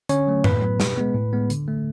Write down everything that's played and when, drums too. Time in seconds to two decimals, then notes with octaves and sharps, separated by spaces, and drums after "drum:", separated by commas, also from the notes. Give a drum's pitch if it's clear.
0.09 D3 C#4 C#5, drum: hi-hat
0.27 F#3 A3
0.44 A2 B4 B5, drum: tom F#2
0.62 F#3 B3
0.80 B2, drum: snare
0.98 G#3 B3
1.15 A2
1.33 G#3 B3
1.50 D3, drum: hi-hat
1.68 A3